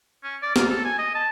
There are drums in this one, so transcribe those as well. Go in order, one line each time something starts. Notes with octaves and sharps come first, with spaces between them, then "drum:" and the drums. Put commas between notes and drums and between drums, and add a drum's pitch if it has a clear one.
C#4
D5
F4, drum: snare
A4
G#5
D#5
A5